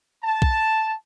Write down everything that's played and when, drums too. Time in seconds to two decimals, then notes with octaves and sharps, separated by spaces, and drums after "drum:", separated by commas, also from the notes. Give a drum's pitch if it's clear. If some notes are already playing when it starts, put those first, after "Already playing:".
0.24 A5
0.42 drum: kick B1